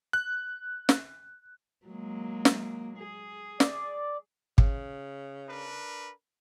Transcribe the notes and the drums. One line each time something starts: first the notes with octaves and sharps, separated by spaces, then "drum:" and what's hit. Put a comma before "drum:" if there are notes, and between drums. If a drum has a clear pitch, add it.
F#6
drum: snare
F#3 G#3 A#3
drum: snare
G#4
D5, drum: snare
C#3, drum: kick
D4 A#4 B4